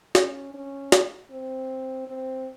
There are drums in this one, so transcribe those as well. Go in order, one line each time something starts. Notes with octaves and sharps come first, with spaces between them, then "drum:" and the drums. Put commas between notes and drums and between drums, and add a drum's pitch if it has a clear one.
C#4, drum: snare
C#4
drum: snare
C4
C4